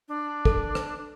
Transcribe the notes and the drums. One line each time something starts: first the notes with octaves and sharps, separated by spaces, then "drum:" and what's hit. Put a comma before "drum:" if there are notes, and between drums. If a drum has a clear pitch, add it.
D4
A4, drum: kick
drum: rim click